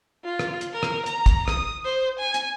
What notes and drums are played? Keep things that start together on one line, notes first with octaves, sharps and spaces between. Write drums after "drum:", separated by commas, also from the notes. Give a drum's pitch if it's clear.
F4
drum: rim click
drum: hi-hat
A#4
drum: rim click
A#5, drum: hi-hat
drum: kick, hi-hat
D#6, drum: rim click
C5
G#5
drum: hi-hat